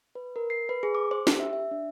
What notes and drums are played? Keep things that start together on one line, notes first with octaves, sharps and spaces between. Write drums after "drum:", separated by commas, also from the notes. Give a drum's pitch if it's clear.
B4
A#4
C7
B4
G#4
D6
C5
G4, drum: snare
E5
E5
D4